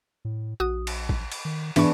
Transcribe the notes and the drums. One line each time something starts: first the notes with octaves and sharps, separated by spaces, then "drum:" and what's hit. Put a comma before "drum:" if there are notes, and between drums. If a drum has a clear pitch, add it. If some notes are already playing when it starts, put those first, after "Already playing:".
A2
A#1 F#4 D#6
drum: cymbal
drum: kick A1
drum: cymbal
D#3
G#2 E3 B3 D4 G#4 B5 C#6, drum: cymbal